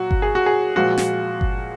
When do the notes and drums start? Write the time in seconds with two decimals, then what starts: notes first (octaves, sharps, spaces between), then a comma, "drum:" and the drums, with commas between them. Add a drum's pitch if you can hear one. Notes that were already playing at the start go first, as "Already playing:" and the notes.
Already playing: A#2 F#3 F#4
0.11 drum: kick G1
0.22 G#4
0.35 F#4
0.46 G#4
0.76 A#2 F3 G#3 F#4
0.98 drum: snare
1.41 drum: kick G1